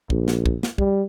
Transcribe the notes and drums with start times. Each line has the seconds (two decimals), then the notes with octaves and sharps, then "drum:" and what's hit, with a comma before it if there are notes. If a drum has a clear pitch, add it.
0.10 A#1, drum: kick
0.28 drum: snare
0.46 drum: kick
0.63 drum: snare
0.78 G3, drum: kick